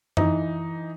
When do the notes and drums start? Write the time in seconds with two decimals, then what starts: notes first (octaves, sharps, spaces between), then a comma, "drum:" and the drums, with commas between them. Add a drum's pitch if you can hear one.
0.17 E3 D#4, drum: tom F#2